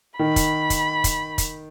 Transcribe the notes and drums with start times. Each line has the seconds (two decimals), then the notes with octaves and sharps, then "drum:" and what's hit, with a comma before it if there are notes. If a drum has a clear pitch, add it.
0.19 D#3 B5
0.36 drum: kick, hi-hat
0.70 drum: kick, hi-hat
1.04 drum: kick, hi-hat
1.38 drum: kick, hi-hat